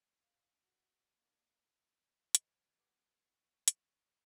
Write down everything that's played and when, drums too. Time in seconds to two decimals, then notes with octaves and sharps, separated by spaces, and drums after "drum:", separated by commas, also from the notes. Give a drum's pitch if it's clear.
0.19 F5
0.61 F#4
1.14 A#3 D4
2.35 F3 D#5 B5 G#6, drum: hi-hat
2.78 G3 B3 G4
3.28 C#6
3.68 drum: hi-hat